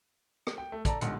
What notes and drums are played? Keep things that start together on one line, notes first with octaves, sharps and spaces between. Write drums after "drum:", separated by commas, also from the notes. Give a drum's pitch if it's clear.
drum: rim click
G5
A3
A4 D5 A5 A#5, drum: kick, hi-hat
D#1 B1 G#2 D3 F#5 C#7, drum: hi-hat